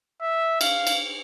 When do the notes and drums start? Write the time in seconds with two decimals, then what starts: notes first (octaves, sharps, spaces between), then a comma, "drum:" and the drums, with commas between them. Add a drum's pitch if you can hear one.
0.22 E5
0.61 F5, drum: cymbal
0.87 drum: cymbal